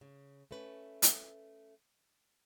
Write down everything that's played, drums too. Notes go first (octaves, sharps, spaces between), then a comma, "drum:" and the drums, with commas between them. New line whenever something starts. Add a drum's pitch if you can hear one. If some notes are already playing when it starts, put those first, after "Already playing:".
C#3
A3 C#4 B4
drum: hi-hat